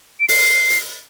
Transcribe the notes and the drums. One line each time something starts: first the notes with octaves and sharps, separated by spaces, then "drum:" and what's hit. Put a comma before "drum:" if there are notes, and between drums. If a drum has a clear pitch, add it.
D7
C7, drum: open hi-hat
drum: hi-hat